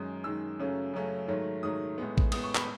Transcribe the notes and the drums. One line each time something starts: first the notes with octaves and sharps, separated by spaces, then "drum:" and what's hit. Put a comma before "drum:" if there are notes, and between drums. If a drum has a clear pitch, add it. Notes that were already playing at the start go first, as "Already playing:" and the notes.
Already playing: F#2 D#3 G#3 D#4 D#6
F#2 D#3 G#3 D#4 E6
F#2 C#3 F#3 A3 C#4
F#2 C#3 F#3 A3 C#4
G#2 D#3 F#3 A3
G#2 D#3 F#3 A3 D#6
A2 G#3 B3
drum: kick
A2 G#3 B3 D#6, drum: cymbal
C#6
B5, drum: clap